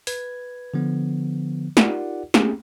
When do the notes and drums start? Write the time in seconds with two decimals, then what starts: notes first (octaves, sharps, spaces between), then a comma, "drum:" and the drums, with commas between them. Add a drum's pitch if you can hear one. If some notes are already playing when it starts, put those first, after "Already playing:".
0.07 B4 G#6, drum: open hi-hat
0.74 D3 F3 B3
1.77 D#4 F4 G4 A#4 D5 F#5, drum: snare
2.34 A3 A#3 C4 C#4 G4 G#4, drum: snare